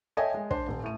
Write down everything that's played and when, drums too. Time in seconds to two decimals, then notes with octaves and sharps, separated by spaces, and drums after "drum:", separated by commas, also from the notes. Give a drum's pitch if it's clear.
0.17 A4 C#5 D#5 E5 G5 G#5
0.34 G#3
0.51 D4 C5, drum: kick
0.68 D#1
0.84 A2 D#7